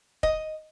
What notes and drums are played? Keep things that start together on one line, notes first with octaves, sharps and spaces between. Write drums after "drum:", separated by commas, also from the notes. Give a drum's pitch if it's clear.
D#5, drum: kick